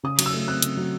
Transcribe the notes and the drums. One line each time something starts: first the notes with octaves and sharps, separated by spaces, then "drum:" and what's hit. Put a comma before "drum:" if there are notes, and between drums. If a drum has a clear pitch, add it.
C#3 D#6
F#3, drum: cymbal
E6
A3
C4 F#6
C#3, drum: hi-hat
F#3